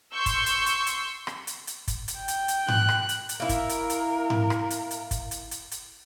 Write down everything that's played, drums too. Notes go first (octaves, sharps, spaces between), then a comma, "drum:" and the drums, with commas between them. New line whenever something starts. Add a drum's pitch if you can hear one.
C6 C#6 E6 G6
drum: kick, hi-hat
drum: hi-hat
drum: hi-hat
drum: hi-hat
drum: rim click
drum: hi-hat
drum: hi-hat
drum: kick, hi-hat
drum: hi-hat
G5
drum: hi-hat
drum: hi-hat
F#6, drum: tom G#2
drum: rim click
drum: hi-hat
drum: hi-hat
A#3 E4 A#4
drum: kick, hi-hat
drum: hi-hat
drum: hi-hat
drum: tom G#2
drum: rim click
drum: hi-hat
drum: hi-hat
drum: kick, hi-hat
drum: hi-hat
drum: hi-hat
drum: hi-hat